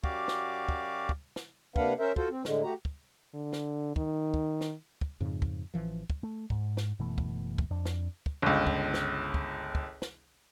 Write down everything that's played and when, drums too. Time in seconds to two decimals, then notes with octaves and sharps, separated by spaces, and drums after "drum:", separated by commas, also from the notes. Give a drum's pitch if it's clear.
0.04 F#2 F#4 G4 D5 F5 D6, drum: kick
0.28 drum: snare
0.69 drum: kick
1.09 drum: kick
1.36 drum: snare
1.76 C3 A#3 D4 B4 F5 F#5, drum: kick
1.99 C#4 A#4 C5 E5
2.16 F4 F#4 A4 C5, drum: kick
2.30 C4
2.45 A2 D3 G#3, drum: snare
2.63 A3 F#4 G4 A#5
2.85 drum: kick
3.34 D3
3.53 drum: snare
3.96 D#3, drum: kick
4.34 drum: kick
4.61 drum: snare
5.01 drum: kick
5.20 F2 G#2 C#3 F3
5.42 drum: kick
5.74 A1 E3 F3
6.10 drum: kick
6.23 A3
6.50 G#2, drum: kick
6.77 drum: snare
6.99 F#1 B2 E3 A3
7.18 drum: kick
7.58 drum: kick
7.70 F2 D4
7.85 drum: snare
8.26 drum: kick
8.42 G1 C#2
8.67 drum: kick
8.94 drum: snare
9.34 drum: kick
9.75 drum: kick
10.02 drum: snare